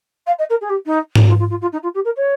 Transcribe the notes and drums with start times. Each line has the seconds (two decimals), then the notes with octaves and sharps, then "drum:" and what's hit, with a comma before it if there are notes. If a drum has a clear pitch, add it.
0.26 F5
0.38 D#5
0.49 A#4
0.61 G#4
0.69 G4
0.85 D#4
1.15 drum: tom G#2
1.27 F4
1.39 F4
1.49 F4
1.61 F4
1.72 D#4
1.82 F4
1.94 G4
2.04 A#4
2.16 C#5